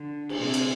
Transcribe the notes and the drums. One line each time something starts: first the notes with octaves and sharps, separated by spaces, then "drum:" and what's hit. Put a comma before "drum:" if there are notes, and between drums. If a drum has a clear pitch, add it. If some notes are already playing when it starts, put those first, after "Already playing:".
Already playing: D3
drum: cymbal
C3
drum: hi-hat